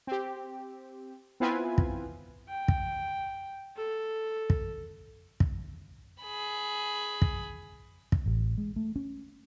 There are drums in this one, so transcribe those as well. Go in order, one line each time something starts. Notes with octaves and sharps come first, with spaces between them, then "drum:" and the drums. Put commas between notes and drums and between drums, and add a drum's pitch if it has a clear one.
C4 G4
B3 C4 E4 F4 B4 G#5
drum: kick
G5
drum: kick
A4
drum: kick
drum: kick
G#4 B5
drum: kick
drum: kick
A1
G#3
A3
C#4